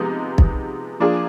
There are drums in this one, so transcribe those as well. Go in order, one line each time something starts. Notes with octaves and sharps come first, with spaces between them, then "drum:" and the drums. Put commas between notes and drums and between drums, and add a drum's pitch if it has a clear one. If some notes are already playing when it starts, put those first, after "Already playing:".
Already playing: C3 F3 G#3 B3 D#4
drum: kick
F3 A#3 D4 F4 G#4